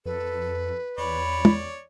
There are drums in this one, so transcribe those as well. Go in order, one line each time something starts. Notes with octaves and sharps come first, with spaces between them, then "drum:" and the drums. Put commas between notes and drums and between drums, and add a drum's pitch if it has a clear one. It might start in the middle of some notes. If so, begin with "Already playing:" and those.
F2 A4 B4
E2 C#5 D5 B5
drum: tom